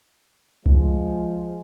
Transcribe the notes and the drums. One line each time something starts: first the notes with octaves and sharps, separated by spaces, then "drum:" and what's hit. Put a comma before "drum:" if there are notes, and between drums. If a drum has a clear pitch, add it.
F3 G#3, drum: kick C2